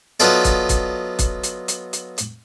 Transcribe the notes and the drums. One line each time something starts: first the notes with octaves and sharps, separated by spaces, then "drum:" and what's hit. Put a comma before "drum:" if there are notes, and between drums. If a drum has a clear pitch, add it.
F#3 B3 D#4 F4 A4 D5, drum: hi-hat
drum: kick, hi-hat
drum: kick, hi-hat
drum: kick, hi-hat
drum: hi-hat
drum: hi-hat
drum: hi-hat
drum: hi-hat